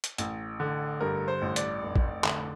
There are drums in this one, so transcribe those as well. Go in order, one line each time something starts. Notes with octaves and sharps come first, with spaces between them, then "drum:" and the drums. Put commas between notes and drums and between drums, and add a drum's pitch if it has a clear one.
drum: hi-hat
A1, drum: hi-hat
D3
G2 A#4
C5
A1
D5, drum: hi-hat
F1
drum: kick
D3, drum: clap